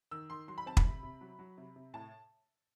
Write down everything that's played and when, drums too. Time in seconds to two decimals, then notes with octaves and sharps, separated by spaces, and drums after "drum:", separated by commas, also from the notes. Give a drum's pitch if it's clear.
0.11 D#3 E6
0.30 D#3 C6
0.48 F#3 C6
0.58 B5
0.66 C4 A5
0.77 B5, drum: kick
0.85 C3
1.03 C3
1.21 F#3
1.39 F#3
1.58 C3
1.76 C3
1.94 A2 A5